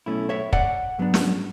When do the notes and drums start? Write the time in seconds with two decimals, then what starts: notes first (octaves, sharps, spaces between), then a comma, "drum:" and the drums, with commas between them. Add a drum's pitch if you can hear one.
0.06 B1 B2 A3 C#4 E4
0.29 C#5 E5
0.53 D5 F#5, drum: kick
0.98 G#2 F#3 B3 D4
1.14 drum: snare